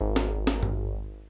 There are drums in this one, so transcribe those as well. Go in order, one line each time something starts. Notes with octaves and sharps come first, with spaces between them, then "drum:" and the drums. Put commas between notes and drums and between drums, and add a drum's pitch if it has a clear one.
G#1
drum: snare
drum: snare
drum: tom G2